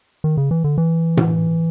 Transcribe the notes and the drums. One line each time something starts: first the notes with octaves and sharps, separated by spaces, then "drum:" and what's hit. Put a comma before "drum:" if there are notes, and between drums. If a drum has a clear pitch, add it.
D#3
C#3
E3
D3
E3
drum: tom A2